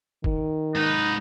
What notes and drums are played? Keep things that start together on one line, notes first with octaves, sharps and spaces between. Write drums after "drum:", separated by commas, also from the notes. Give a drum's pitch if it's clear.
D#3, drum: kick
G#2 D#4 B4